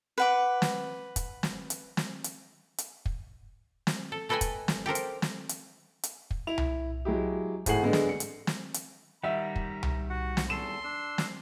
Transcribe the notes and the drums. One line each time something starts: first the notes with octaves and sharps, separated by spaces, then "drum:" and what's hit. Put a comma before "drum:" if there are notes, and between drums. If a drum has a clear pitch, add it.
B4 F#5 D6
drum: snare
drum: kick, hi-hat
drum: snare
drum: hi-hat
drum: snare
drum: hi-hat
drum: hi-hat
drum: kick
drum: snare
A4
A3 A4 B4 D#5 G5 G#5
drum: kick, hi-hat
drum: snare
G4 A4 A#4 C5
drum: hi-hat
drum: snare
drum: hi-hat
drum: hi-hat
drum: kick
E4 F7
drum: tom C2
F#3 G#3 E4 G4
G#1 A2 G#4 F#5 C7 F#7, drum: kick, hi-hat
D3 G#3 B3 D4
drum: snare
C#7
drum: hi-hat
drum: snare
drum: hi-hat
D#3 G3 E5 F#5 A#5
drum: kick
drum: tom C2
F#4 F#5
drum: snare
E2 A4 C6 E7
D4 E6
drum: snare